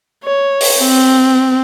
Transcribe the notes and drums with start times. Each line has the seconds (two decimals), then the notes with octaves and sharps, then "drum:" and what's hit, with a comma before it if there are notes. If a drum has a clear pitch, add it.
0.24 C#5
0.61 drum: open hi-hat
0.82 C4